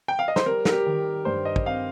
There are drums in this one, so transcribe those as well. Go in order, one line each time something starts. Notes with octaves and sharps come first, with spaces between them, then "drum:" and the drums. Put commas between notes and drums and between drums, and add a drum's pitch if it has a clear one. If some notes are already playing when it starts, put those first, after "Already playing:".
G5
F5
D#5
C5, drum: snare
G3 A#4
A#4, drum: snare
G4
D#3
G2 C5
D#5
drum: kick
C4 F5